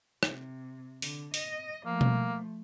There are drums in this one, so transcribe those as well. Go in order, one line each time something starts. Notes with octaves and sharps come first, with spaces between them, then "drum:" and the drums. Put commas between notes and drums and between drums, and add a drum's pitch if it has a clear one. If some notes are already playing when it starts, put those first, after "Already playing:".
C3, drum: rim click
D3, drum: open hi-hat
D#5, drum: open hi-hat
F3 A3 A#3
drum: tom B2